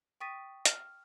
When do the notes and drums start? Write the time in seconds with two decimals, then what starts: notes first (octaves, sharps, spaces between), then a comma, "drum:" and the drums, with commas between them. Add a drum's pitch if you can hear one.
0.21 G5 C#6 D#6 A6 B6 D#7
0.65 F6, drum: hi-hat